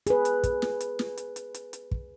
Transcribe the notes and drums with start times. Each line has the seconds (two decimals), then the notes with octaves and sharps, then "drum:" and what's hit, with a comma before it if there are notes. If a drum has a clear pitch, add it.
0.07 G#4 B4, drum: hi-hat
0.25 drum: hi-hat
0.44 drum: kick, hi-hat
0.62 drum: snare
0.81 drum: hi-hat
0.99 drum: snare
1.17 drum: hi-hat
1.36 drum: hi-hat
1.54 drum: hi-hat
1.73 drum: hi-hat
1.91 drum: kick